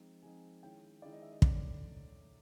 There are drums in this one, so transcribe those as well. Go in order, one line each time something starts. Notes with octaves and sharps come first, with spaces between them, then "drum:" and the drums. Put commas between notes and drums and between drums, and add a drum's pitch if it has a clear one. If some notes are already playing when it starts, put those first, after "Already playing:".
Already playing: F3 G#3 C4 D#4
F3 G#3 C4 D#4 G#5
D#3 G#3 C#4 E4 G5
D#3 G#3 C#4 E4 D5
D#5
E5
D#5
F#3 A3 D4 D5, drum: kick